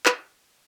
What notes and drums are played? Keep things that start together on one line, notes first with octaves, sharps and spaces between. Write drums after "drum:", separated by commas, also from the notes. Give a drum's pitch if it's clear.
B4, drum: clap